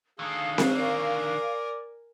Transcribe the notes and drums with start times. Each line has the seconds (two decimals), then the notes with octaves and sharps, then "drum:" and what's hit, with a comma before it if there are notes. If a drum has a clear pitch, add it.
0.19 D3 D#3 G#4 A4 F5
0.58 drum: snare C4
0.74 A#4 D5 G#5